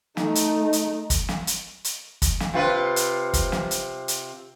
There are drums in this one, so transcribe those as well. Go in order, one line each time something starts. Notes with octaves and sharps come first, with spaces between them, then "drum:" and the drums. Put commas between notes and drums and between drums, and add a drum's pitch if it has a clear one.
A3 D#4, drum: snare
drum: hi-hat
drum: hi-hat
drum: kick, hi-hat
drum: snare
drum: hi-hat
drum: hi-hat
drum: kick, hi-hat
drum: snare
C3 F4 B4
drum: hi-hat
drum: kick, hi-hat
drum: snare
drum: hi-hat
drum: hi-hat